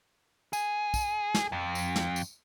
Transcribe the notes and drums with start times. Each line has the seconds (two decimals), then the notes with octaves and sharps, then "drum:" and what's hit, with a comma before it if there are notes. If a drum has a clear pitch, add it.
0.53 G#4, drum: tambourine
0.94 drum: kick, tambourine
1.34 drum: snare
1.52 F2
1.75 drum: tambourine
1.96 drum: snare
2.16 drum: tambourine